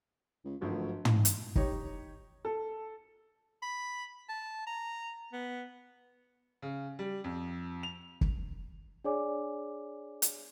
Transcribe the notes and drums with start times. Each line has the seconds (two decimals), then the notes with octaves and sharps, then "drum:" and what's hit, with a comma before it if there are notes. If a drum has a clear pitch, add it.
0.45 C#2
0.61 G#1 D2 F3 F#3
1.05 drum: tom
1.25 drum: hi-hat
1.56 D#4 G4 C#5, drum: kick
2.45 A4
3.62 B5
4.29 A5
4.67 A#5
5.33 B3
6.62 C#3
6.99 G3
7.24 F2
7.83 F7
8.21 drum: kick
9.04 D4 G#4 C#5 D5 G#5 D6
10.22 drum: hi-hat